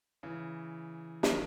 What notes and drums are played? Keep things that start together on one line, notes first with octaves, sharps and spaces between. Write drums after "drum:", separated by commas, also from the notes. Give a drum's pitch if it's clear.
C#3 E3
D#3 F#3, drum: snare